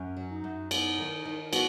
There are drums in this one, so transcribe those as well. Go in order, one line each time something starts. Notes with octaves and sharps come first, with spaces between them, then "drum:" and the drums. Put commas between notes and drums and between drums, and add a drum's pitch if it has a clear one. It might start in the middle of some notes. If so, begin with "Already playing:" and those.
Already playing: F#2 C#4
F#3
D#4
F#2
B3 D#4, drum: cymbal
D#3
D#3
B3 F#4, drum: cymbal